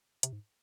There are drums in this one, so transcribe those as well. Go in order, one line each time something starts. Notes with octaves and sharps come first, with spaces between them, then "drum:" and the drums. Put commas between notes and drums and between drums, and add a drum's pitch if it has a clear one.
C3, drum: hi-hat
G#2